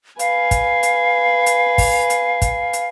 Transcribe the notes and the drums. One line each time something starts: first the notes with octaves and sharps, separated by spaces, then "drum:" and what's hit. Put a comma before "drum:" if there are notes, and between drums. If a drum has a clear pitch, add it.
B4 F5 G#5, drum: hi-hat
drum: kick, hi-hat
drum: hi-hat
drum: hi-hat
drum: kick, open hi-hat
drum: hi-hat
drum: kick, hi-hat
drum: hi-hat